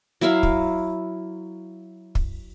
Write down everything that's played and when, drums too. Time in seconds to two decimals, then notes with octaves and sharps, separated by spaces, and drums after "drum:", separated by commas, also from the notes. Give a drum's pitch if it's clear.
0.21 F#3 E4 E5 F5
0.43 drum: kick
2.15 drum: kick